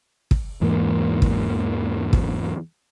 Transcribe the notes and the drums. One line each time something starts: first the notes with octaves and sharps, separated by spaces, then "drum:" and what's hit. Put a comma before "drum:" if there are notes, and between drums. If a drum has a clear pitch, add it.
drum: kick
E2 G#2 E3 A#3
drum: kick
drum: kick